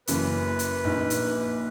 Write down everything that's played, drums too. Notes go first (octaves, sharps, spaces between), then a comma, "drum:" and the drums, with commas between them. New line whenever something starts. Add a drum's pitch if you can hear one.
F#1 F#2 C#3 E3 A#3 B4, drum: hi-hat
drum: hi-hat
A#1 A#2 A#3 D#4
drum: hi-hat